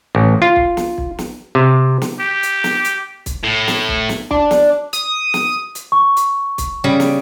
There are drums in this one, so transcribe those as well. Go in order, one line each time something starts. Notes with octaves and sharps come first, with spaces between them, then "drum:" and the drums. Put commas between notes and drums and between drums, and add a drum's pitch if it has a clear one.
A1
F4
drum: kick
drum: snare
drum: kick
drum: snare
C3
drum: snare
G4
drum: hi-hat
drum: snare
drum: hi-hat
drum: kick, hi-hat
A2
drum: snare
drum: kick
drum: snare
D4, drum: kick
drum: snare
D#6, drum: hi-hat
drum: snare
drum: hi-hat
C#6
drum: hi-hat
drum: kick, hi-hat
C#3 G3 B5
drum: snare